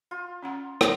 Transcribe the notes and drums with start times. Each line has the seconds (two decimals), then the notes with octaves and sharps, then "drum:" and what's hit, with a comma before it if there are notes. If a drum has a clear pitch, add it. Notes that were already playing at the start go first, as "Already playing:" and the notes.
0.11 F4
0.42 C#4 F#5 A#5
0.81 drum: rim click